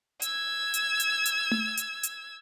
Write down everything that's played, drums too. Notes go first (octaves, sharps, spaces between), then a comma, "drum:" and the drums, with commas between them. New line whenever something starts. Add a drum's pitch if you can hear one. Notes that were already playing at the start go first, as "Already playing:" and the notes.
E6 G#6, drum: hi-hat
drum: hi-hat
drum: hi-hat
drum: hi-hat
drum: tom A3
drum: hi-hat
drum: hi-hat